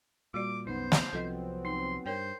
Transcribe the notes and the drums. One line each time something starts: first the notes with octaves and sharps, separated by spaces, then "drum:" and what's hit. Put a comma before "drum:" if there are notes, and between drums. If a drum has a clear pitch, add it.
A#2 G3 F#4 D5 D6
C2 F#2 B3 D#4 C5
drum: snare
C2 F3 F#3 B3 C4 A4 D#5
D#4 C6
G2 A#4 C5 C#5 G5